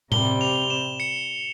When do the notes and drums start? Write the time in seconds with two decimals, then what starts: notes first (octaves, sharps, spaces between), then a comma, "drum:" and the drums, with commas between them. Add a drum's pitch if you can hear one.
0.12 C3 G3 C4 G7, drum: tom A2
0.41 F7
0.70 E7
1.00 C#7